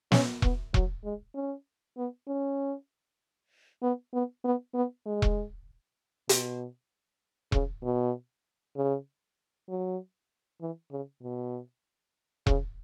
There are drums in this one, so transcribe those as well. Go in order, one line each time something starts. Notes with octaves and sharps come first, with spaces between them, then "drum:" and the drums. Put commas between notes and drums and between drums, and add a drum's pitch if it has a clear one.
C#4, drum: snare
B3, drum: kick E1
F#3, drum: kick E1
G#3
C#4
B3
C#4
B3
B3
B3
B3
G#3
drum: kick E1
B2, drum: hi-hat
C#3, drum: kick E1
B2
C#3
F#3
E3
C#3
B2
C#3, drum: kick E1